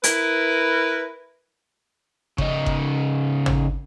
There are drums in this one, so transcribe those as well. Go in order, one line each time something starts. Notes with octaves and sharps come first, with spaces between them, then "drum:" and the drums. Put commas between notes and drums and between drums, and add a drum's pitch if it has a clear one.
E4 A#4 B4, drum: hi-hat
C#3 D#4, drum: kick F#1
drum: kick F#1
drum: tom